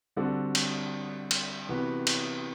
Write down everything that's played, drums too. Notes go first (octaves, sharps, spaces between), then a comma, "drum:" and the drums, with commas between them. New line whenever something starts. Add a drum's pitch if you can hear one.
D3 G3 C4 F#4 A4
drum: cymbal
drum: cymbal
C3 E3 B3 F#4 B4
drum: cymbal